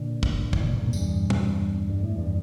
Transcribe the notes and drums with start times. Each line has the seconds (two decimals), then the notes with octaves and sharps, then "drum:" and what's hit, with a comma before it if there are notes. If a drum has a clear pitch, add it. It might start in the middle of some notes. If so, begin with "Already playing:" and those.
Already playing: A#2 D3
0.23 drum: kick
0.53 E3, drum: kick
0.60 A#2 D3
0.72 A2 C3
0.82 G2 A#2
0.93 E2 G2, drum: tambourine
1.30 drum: tom
1.90 G2
2.03 A2
2.16 E2 G2